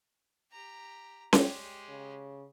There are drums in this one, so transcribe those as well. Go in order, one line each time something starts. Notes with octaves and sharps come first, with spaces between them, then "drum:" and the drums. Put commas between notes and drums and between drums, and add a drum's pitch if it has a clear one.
G4 A#5
G#3 G4 C#5 D5 G5, drum: snare C#4
C#3